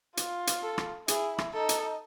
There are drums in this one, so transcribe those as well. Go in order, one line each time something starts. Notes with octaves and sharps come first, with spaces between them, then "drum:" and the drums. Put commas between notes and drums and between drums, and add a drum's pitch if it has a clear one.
F4, drum: hi-hat
drum: hi-hat
A4
drum: rim click
E4 G#4, drum: hi-hat
drum: rim click
D#4 A4
drum: hi-hat